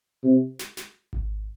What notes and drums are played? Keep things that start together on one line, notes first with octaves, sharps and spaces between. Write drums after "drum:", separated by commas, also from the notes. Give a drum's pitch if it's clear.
C3
drum: snare
drum: snare
drum: kick G#1